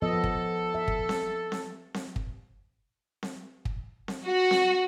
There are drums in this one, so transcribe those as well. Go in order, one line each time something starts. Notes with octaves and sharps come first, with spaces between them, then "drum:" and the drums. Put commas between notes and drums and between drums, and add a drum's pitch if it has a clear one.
F3 B3 A4 D#5
drum: kick
E5
drum: kick
drum: snare C4
drum: snare C4
drum: snare C4
drum: kick
drum: snare C4
drum: kick
drum: snare C4
F#4
drum: snare C4